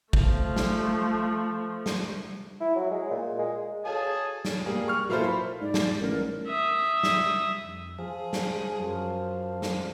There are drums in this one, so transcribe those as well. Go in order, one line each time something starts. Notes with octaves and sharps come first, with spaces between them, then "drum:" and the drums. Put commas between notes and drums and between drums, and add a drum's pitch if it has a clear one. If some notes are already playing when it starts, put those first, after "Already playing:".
F3 A3, drum: kick
drum: snare
drum: snare
E4
F#3
G#3
A#2
G#3
G#4 A4 C#5 F5 G#5 A5 D#6
drum: snare
G3 A#3 G#4
C#6 F6
F#3 A#3 E4 F4 A4 C5
B5
G#2 D5
drum: snare
A1 A#4
E5 D#6
drum: snare
F2
F3 G#4
drum: snare
F#2
drum: snare